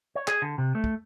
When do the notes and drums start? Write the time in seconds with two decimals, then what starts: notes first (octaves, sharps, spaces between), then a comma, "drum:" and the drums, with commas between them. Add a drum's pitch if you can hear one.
0.15 C#5
0.28 G#4, drum: clap
0.42 D3
0.58 C3
0.75 A3
0.84 drum: kick